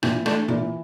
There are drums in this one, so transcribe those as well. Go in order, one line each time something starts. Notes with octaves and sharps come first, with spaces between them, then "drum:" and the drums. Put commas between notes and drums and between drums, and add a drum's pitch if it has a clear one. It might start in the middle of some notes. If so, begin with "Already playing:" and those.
A#2 E3 E4, drum: rim click
A3 D4 A4, drum: rim click
A#2 E3 E4